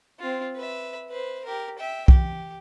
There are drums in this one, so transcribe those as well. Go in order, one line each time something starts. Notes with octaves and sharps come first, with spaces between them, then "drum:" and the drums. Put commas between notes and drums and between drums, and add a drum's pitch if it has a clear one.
C4 F4
B4 E5
B4 C5
G4 A#4
E5 G5
G4, drum: kick B1